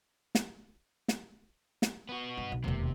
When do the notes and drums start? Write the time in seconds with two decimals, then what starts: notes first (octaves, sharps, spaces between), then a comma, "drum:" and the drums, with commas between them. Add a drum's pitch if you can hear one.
0.35 drum: snare
1.08 drum: snare
1.82 drum: snare
2.09 B3 F#4
2.37 G2
2.52 B1
2.64 E1 D#2 C3